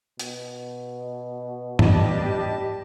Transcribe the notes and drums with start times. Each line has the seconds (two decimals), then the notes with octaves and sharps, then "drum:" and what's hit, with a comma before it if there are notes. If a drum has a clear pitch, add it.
0.19 B2, drum: hi-hat
1.79 G3 D4 G4 D#5 A5, drum: tom G#2